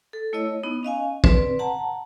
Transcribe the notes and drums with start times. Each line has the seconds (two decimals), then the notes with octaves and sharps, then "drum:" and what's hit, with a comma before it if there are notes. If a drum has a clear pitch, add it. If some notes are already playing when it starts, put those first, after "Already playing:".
0.13 A4
0.33 A3 E4 C#5 D#5 E6
0.63 B3 D#4
0.83 C#4 D#5 F5 G#5
1.24 C4 B4 D5, drum: kick
1.59 F#5 A5 A#5